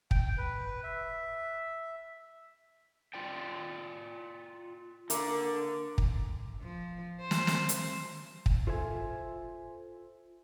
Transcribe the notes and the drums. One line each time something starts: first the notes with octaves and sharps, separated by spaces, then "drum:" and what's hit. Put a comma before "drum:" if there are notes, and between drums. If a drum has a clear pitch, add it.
G5, drum: kick
B4
E5
F4 D5 G5
D3 A#3 D5, drum: hi-hat
drum: kick
F3
C5
drum: snare
drum: snare
drum: hi-hat
drum: kick
F4 A4 C5 E5 G5 G#5